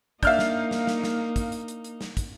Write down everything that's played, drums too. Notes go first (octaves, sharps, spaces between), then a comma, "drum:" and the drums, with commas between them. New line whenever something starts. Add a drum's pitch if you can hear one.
A#3 D4 D#4 E5 F5 F6 G6, drum: kick, hi-hat
drum: snare
drum: snare
drum: snare
drum: snare
drum: kick, hi-hat
drum: hi-hat
drum: hi-hat
drum: hi-hat
drum: snare
drum: kick, hi-hat